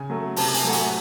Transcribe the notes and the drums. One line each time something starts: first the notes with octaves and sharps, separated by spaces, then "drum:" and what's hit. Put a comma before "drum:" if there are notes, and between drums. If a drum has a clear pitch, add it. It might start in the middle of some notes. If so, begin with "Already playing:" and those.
Already playing: C#3 G#5
F#3 A3
C3 A5, drum: open hi-hat
G#5, drum: hi-hat
F#3 A3 F#5
G#5, drum: hi-hat